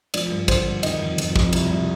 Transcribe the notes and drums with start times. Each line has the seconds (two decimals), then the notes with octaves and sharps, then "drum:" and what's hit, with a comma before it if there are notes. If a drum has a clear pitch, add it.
0.14 F3 D5, drum: cymbal
0.32 G2
0.48 D3 C5, drum: kick, cymbal
0.66 G2
0.83 D#3 D#5, drum: cymbal
1.01 F2
1.18 F2, drum: cymbal
1.36 F2, drum: kick
1.53 C2, drum: cymbal
1.70 C2